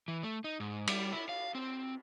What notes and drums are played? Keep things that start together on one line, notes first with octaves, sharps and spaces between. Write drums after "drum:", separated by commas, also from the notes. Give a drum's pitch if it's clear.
E3
A3
D#4
G#2
G3, drum: cymbal
E4
F5
C4